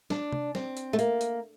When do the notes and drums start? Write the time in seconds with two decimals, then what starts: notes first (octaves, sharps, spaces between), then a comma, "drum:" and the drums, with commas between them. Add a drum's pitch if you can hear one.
0.10 D4, drum: snare
0.33 drum: tom C3
0.55 C4, drum: snare
0.77 drum: hi-hat
0.93 A3
0.99 A#3, drum: hi-hat
1.21 drum: hi-hat